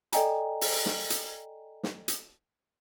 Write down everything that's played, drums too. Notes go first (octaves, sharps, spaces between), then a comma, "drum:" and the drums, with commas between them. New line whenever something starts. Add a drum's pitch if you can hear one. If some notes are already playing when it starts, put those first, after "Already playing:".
A4 D5 D#5 G5 G#5 A#5, drum: hi-hat
drum: open hi-hat
drum: snare
drum: hi-hat
drum: snare
drum: hi-hat